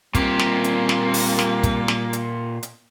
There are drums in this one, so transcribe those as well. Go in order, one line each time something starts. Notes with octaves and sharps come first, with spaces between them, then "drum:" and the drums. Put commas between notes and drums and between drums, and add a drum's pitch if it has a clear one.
A#2 G3 A#3 C4 G4, drum: kick, hi-hat
drum: snare
drum: hi-hat
drum: snare
drum: open hi-hat
drum: snare
drum: kick, hi-hat
drum: snare
drum: hi-hat
drum: hi-hat